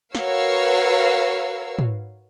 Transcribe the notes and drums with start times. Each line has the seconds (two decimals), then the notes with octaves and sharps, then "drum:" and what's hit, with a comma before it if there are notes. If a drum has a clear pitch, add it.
0.15 F#4 A#4 B4 C#5 F5 E6, drum: snare
1.79 drum: tom